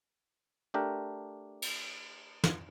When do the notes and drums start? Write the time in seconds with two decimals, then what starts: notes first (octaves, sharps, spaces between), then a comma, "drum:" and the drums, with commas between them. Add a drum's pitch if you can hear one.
0.74 A3 D4 G4 A#4
1.62 drum: cymbal
2.44 drum: snare